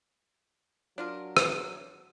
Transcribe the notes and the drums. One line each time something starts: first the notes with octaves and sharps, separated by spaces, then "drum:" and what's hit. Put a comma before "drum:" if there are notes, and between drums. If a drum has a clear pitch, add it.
F#3 D4 F4 A#4
drum: rim click